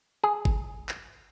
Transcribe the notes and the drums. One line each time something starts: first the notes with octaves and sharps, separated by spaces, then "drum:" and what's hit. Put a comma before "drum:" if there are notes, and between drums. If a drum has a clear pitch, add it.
G#4
drum: kick G#1
drum: clap